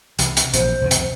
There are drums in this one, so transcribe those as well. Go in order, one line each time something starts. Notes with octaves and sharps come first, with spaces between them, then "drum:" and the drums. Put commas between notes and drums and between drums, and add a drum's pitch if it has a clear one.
C2 E3, drum: hi-hat
drum: hi-hat
A#1 A#2 E3 C5, drum: hi-hat
C2 F2 C#3
drum: hi-hat